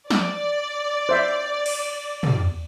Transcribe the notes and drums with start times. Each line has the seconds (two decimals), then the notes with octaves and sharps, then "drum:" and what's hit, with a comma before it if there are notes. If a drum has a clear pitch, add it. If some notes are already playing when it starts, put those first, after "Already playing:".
0.10 D5, drum: snare
1.09 C5 E5
1.66 drum: cymbal
2.23 drum: tom